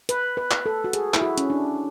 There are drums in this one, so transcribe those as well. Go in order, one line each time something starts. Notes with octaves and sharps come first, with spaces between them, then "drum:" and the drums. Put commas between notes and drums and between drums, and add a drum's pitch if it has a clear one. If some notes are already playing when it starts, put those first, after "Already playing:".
B4, drum: hi-hat
B4
drum: clap
A4
F#4
G#4, drum: hi-hat
E4, drum: clap
F#4
C#4, drum: hi-hat
D4